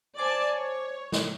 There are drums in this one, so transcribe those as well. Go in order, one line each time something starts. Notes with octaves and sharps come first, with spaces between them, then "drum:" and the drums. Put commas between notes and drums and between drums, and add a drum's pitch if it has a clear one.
C5 D5 G#5 A5 D6
C#5
drum: snare